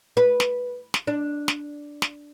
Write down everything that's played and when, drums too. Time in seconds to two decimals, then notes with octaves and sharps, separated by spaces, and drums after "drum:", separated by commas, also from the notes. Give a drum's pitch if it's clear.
0.17 B4
0.40 drum: snare
0.94 drum: snare
1.07 D4
1.48 drum: snare
2.02 drum: snare